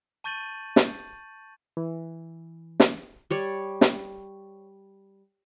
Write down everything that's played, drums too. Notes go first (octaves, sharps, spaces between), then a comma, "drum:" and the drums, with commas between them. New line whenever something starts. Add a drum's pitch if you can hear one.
A5 C#6 G6 A6 D#7 F#7
drum: snare
E3
drum: snare
G3 C#5 D5
drum: snare